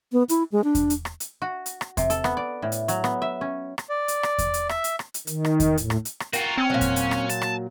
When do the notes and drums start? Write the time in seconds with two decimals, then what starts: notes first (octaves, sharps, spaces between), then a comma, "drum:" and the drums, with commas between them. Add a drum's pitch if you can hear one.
0.12 B3
0.29 E4, drum: hi-hat
0.52 G#3
0.64 D4
0.75 drum: kick E2, hi-hat
0.90 drum: hi-hat
1.05 drum: rim click
1.20 drum: hi-hat
1.42 F#4
1.66 drum: hi-hat
1.81 drum: rim click
1.97 C3, drum: kick E2, hi-hat
2.10 A4, drum: hi-hat
2.24 B3, drum: rim click
2.37 D5
2.62 A2
2.72 drum: hi-hat
2.88 F#3, drum: hi-hat
3.04 B3, drum: rim click
3.22 E5
3.41 C#4
3.78 drum: rim click
3.89 D5
4.08 drum: hi-hat
4.23 drum: rim click
4.38 drum: kick E2, hi-hat
4.54 drum: hi-hat
4.69 E5, drum: rim click
4.84 drum: hi-hat
4.99 drum: rim click
5.14 drum: hi-hat
5.27 D#3, drum: hi-hat
5.45 drum: rim click
5.60 drum: kick E2, hi-hat
5.77 A2, drum: hi-hat
5.90 drum: rim click
6.05 drum: hi-hat
6.20 drum: rim click
6.33 F4 F#4 A#4 G5, drum: hi-hat
6.57 C4 C#4
6.70 A#2 F#3
6.81 drum: kick E2, hi-hat
6.96 drum: hi-hat
7.11 drum: rim click
7.29 A5, drum: hi-hat
7.42 drum: rim click